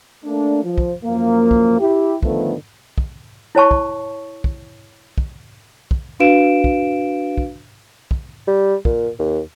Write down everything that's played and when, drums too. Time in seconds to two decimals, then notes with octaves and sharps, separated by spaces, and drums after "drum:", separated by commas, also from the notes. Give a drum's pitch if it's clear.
0.25 A3 A#3 D4
0.63 F3
0.78 drum: kick
1.03 F#2 F3 A#3
1.51 drum: kick
1.80 E4 G4
2.23 D3 D#3 F3 A3 B3, drum: kick
2.98 drum: kick
3.55 E4 C#5 A5 C#6
3.71 drum: kick
4.44 drum: kick
5.18 drum: kick
5.91 drum: kick
6.20 D4 F#4 B4 F5 D7 E7
6.64 drum: kick
7.38 drum: kick
8.11 drum: kick
8.47 G3
8.85 A#2, drum: kick
9.19 D#2